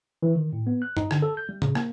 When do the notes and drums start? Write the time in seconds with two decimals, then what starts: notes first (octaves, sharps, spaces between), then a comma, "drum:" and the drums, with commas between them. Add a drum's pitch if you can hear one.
0.23 E3
0.36 D#3
0.53 A2
0.67 B3
0.82 F#6
0.97 D#4, drum: tom
1.11 D3, drum: rim click
1.22 A4
1.37 G6
1.49 G3
1.62 C#3, drum: tom
1.75 A#3, drum: rim click